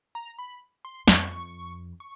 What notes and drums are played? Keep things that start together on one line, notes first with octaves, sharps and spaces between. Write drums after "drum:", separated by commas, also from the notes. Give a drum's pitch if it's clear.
A#5
B5
C6
F2 C#6, drum: snare
C#6